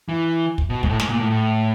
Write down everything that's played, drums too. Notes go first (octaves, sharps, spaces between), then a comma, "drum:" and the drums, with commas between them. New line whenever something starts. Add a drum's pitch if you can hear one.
E3
drum: kick
B2
G#2, drum: kick
A2
G#2, drum: snare
A#2
A2
A2